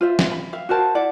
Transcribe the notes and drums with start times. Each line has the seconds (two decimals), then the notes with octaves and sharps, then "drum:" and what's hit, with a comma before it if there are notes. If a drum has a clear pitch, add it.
0.01 F4 C5 E5
0.19 drum: snare
0.31 B5
0.53 E5 F5
0.69 F#4 A#4 C5 A5
0.95 E4 D5 F#5